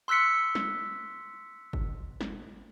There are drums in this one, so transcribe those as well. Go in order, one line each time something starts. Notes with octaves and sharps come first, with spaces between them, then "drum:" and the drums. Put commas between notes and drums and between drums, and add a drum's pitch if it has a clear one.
C6 E6 F#6 B6 C#7
drum: snare
drum: kick G1
drum: snare